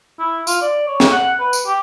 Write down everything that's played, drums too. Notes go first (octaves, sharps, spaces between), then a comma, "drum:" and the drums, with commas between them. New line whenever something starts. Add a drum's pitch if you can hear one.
E4
F4, drum: tambourine
D5
C#5
drum: snare
F#5
B4
drum: tambourine
G4